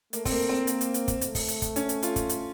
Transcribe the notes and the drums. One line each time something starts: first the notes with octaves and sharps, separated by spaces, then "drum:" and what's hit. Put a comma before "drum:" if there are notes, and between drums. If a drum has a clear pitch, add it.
A3 A#3, drum: hi-hat
C4, drum: kick, open hi-hat
A#3
C4
A#3, drum: hi-hat
drum: hi-hat
drum: hi-hat
drum: kick, hi-hat
A3, drum: hi-hat
drum: kick, open hi-hat
drum: hi-hat
drum: kick, hi-hat
C#4, drum: hi-hat
drum: hi-hat
F4, drum: hi-hat
drum: kick, hi-hat
drum: hi-hat